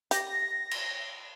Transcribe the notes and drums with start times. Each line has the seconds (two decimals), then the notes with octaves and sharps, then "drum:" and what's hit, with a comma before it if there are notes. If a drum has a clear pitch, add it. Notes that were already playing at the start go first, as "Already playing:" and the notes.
0.11 G4 A#6, drum: hi-hat
0.71 drum: cymbal